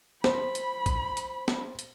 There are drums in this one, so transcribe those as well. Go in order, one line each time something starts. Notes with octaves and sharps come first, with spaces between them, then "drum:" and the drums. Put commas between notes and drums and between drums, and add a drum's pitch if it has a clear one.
C5 B5, drum: snare
drum: hi-hat
drum: kick A#1, hi-hat
drum: hi-hat
drum: snare
drum: hi-hat